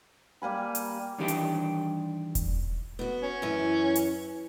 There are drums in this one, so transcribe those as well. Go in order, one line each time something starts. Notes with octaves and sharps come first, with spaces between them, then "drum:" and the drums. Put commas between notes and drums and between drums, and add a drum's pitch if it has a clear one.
G3 A#3 G#5 B5
drum: hi-hat
G2 D#3 E3 D4 G4
drum: hi-hat
drum: kick E1, hi-hat
B3 F#4
C#4
F#2 E3
drum: hi-hat